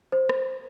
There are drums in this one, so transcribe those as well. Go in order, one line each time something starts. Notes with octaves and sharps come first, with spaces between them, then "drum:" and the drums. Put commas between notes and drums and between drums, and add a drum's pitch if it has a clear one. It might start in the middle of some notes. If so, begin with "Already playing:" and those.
C5
drum: rim click